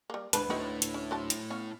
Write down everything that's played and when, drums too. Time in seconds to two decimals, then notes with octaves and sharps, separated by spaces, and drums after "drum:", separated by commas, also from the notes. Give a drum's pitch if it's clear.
0.10 G3 A#3
0.33 D2 E3 B4 A5, drum: hi-hat
0.50 A3 C4 D#4 E4 F#4
0.82 drum: hi-hat
0.94 C#4
1.11 F#3 C5 A5
1.30 drum: hi-hat
1.50 B3 C#4 F5